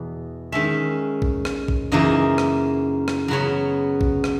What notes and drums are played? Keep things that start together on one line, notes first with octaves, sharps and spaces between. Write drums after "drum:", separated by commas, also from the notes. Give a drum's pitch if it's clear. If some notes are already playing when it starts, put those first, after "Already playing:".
Already playing: E2 B2
D#3 G#3 C#4 E5
drum: kick
drum: rim click
drum: kick
F#2 C#3 E3 A#3 D#4 D#5
drum: rim click
drum: rim click
C#3 F#3 B3 C#5
drum: kick
drum: rim click